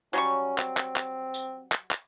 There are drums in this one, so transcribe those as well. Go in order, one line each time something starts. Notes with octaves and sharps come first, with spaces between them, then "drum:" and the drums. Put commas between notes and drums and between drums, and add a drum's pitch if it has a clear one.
F#3 G3 C#4 C#6
C4, drum: clap
drum: clap
drum: clap
drum: tambourine
drum: clap
drum: clap